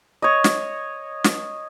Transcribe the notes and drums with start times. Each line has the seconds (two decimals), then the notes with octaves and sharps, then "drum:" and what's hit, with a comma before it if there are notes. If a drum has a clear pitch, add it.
0.22 C#5 D#5
0.44 drum: snare
1.24 drum: snare